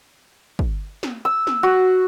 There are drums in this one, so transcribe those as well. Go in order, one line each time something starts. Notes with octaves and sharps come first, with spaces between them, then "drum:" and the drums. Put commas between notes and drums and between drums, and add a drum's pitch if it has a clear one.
drum: kick
drum: snare
E6
drum: snare
F#4